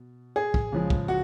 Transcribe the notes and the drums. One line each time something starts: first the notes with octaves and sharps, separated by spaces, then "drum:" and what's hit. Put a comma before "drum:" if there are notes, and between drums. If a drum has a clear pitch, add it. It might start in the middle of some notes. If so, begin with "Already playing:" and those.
Already playing: B2
G#4
drum: kick
C#3 F3 G#3
drum: kick
F#4